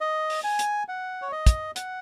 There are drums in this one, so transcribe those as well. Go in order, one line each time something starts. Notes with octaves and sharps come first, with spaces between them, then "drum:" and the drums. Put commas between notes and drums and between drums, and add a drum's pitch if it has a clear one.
D#5
drum: open hi-hat
G#5
drum: hi-hat
F#5
C#5
D#5
drum: kick, hi-hat
F#5, drum: hi-hat